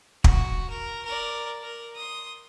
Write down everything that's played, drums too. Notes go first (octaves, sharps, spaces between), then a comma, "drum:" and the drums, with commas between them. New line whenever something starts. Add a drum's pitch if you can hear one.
F#4, drum: kick
A#4
A#4 D5
A#4
C6 D#6